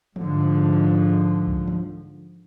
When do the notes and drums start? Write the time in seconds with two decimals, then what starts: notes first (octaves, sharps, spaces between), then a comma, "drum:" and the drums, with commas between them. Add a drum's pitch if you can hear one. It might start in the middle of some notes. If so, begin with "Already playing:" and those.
0.16 G#2 D3 F3, drum: tom E3
1.47 drum: kick C2
1.68 drum: tom E3